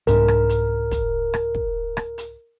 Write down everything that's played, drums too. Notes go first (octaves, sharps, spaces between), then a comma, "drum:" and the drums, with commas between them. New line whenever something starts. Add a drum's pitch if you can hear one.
C2 G#2 D4 A#4, drum: hi-hat
drum: rim click
drum: hi-hat
drum: kick, hi-hat
drum: rim click
drum: kick
drum: rim click
drum: hi-hat